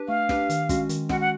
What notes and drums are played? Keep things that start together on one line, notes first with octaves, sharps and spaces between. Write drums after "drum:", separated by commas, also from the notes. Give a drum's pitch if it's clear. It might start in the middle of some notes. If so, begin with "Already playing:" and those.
Already playing: D4 G4 B4
A3 F5
D4 G4 B4, drum: snare
D#3, drum: hi-hat
G#3 C#4 F#4, drum: kick, hi-hat
D#3, drum: hi-hat
G#3 C#4 F#4 F#5, drum: snare
F#5